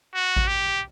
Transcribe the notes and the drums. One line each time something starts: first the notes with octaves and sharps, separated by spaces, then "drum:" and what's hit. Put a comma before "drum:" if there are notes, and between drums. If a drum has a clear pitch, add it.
F#4
drum: kick A1
G4